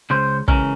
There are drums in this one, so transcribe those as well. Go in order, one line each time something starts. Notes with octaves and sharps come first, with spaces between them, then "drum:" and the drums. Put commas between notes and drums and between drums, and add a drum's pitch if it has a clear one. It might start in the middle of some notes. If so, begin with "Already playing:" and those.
C#2 C#3 C5
C#3 E3 G#3 C#4 A#4, drum: kick